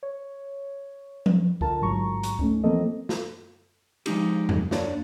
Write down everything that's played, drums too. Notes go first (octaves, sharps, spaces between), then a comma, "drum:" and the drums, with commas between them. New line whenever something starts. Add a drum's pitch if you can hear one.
C#5
drum: tom F3
D3 F4 A#4 A5, drum: kick C#2
A1 G#2 F#3 A#5 C#6
drum: hi-hat
A3 C#4 D#4, drum: kick C#2
E3 F3 A#3 C4 A4 D#5
drum: snare
F3 G#3 D#4 G4, drum: cymbal
drum: tom E2
A#3 D4 C#5 D5, drum: snare